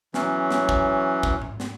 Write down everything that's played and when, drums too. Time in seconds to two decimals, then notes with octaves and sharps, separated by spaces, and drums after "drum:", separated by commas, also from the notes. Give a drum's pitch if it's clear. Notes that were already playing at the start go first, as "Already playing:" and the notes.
0.14 E3 F#3 C#4, drum: snare
0.51 drum: snare
0.69 drum: kick
1.23 drum: kick
1.42 drum: tom G#2
1.60 drum: snare